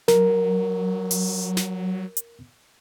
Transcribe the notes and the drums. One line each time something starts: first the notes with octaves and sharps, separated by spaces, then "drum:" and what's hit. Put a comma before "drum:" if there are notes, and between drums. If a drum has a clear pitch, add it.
F#3 A#4, drum: snare
drum: open hi-hat
drum: snare
drum: hi-hat